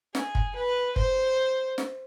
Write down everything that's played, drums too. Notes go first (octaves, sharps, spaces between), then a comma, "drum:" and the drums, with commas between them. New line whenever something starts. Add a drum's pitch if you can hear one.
G#4, drum: snare
drum: kick
B4
C5, drum: kick
drum: snare